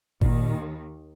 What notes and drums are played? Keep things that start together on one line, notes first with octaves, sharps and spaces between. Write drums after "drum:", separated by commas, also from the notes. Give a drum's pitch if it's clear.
D#2 A#2 D#3, drum: kick G#1